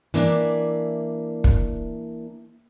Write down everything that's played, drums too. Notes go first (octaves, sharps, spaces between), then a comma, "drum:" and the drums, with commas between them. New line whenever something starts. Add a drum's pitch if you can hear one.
E3 A#3 D4 E5, drum: hi-hat
drum: kick